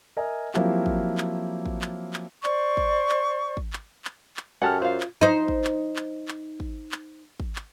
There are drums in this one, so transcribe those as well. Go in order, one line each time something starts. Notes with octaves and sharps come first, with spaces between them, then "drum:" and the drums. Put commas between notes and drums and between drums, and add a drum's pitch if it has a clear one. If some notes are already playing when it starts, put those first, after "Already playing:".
A#4 D#5 E5 G#5
F3 F#3 A#3 C4 E4 G4, drum: clap
drum: kick
drum: clap
drum: kick
drum: clap
drum: clap
C5 D5 C#6, drum: clap
drum: kick
drum: clap
drum: kick
drum: clap
drum: clap
drum: clap
F#2 G4 A4 F#5 G#5 A5 F6
F4 C5 F5
drum: clap
D#4 C5
drum: kick
drum: clap
drum: clap
drum: clap
drum: kick
drum: clap
drum: kick
drum: clap